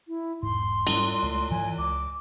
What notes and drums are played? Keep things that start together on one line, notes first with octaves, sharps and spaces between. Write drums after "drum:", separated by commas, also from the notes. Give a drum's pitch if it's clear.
E4
E1 G#2 C6
G#2 G3 C#4, drum: cymbal
C#2 G#3 A3
G#2 E3 F3 G#5
C#2 D6